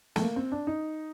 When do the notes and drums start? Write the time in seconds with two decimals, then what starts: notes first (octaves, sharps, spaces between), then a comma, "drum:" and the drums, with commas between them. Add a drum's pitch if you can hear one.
0.16 A3, drum: snare
0.22 A#3
0.36 C4
0.52 D4
0.67 D#4